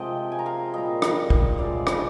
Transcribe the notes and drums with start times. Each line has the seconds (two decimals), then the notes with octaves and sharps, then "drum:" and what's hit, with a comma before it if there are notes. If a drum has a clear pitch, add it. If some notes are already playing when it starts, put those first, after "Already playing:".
Already playing: C3 F3 G#3 D#5 G5
0.32 G#5
0.39 A#5
0.46 F5 G#5
0.73 A#2 G3 D#5 G5
1.02 drum: rim click
1.30 drum: kick
1.58 C3 F3 G#3 D5 F5
1.87 drum: rim click